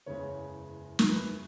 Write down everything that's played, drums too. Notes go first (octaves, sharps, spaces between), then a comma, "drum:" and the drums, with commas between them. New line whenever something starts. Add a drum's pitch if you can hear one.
F#1 E2 C#3 G#3 C#5
A#4, drum: snare
B4